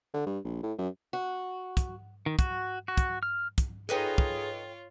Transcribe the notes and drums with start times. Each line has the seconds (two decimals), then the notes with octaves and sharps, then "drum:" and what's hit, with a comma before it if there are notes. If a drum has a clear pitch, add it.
0.14 D3
0.26 G2
0.45 A#1
0.63 A2
0.78 F#2
1.13 F#4
1.77 drum: kick, hi-hat
2.26 D#3
2.39 F#4, drum: kick, hi-hat
2.88 F#4
2.97 drum: kick, hi-hat
3.23 F6
3.58 drum: kick, hi-hat
3.89 D#4 F4 G#4 A4 B4 C#5 D#5 G5
4.18 drum: kick